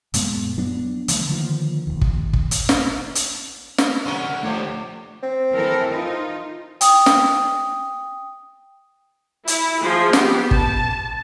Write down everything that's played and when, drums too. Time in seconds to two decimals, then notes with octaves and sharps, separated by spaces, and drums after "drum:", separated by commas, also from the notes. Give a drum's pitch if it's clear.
0.14 F#2 A#2 G#3 B3, drum: hi-hat
0.58 F#3 B3 D4
1.08 C#3 E3 A3 B3, drum: hi-hat
1.29 D3 D#3 F3 A#3
1.87 E1 D#2
2.01 drum: kick
2.33 drum: kick
2.51 drum: hi-hat
2.69 drum: snare
3.15 drum: hi-hat
3.78 drum: snare
4.05 C2 D3 E3 C#4 A#4 F#5 C#6 D#7
4.43 D#1 D3 F3 A3 G4 C#5 D6
5.23 C4
5.53 E3 A4 A#4
5.88 D#4 F4
6.81 G5 D#6, drum: hi-hat
7.06 drum: snare
9.48 E4, drum: hi-hat
9.82 F3 G#4
10.13 B3 G4, drum: snare
10.51 A5, drum: kick